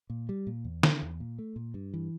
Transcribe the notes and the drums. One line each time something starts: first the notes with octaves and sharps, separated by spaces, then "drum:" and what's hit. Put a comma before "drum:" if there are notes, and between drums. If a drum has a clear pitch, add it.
A#2
G3
A#2
E2
D3, drum: snare
E2
A#2
A3
A#2
G2
E3